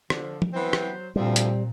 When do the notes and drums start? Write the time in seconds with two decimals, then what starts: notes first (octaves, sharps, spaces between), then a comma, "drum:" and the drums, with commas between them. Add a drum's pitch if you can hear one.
0.10 D3 F3, drum: rim click
0.42 drum: tom F3
0.54 E3 F#3 B3 C4 C5
0.73 drum: rim click
1.16 D2 A#2 F3 G3 C4
1.36 drum: hi-hat